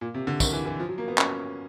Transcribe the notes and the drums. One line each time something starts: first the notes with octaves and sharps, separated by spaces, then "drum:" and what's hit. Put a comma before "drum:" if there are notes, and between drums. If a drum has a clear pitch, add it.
A#2
C3
D3
D#3, drum: kick, tambourine
E3
E3
F3
F#3
A#3
B3
C#4, drum: clap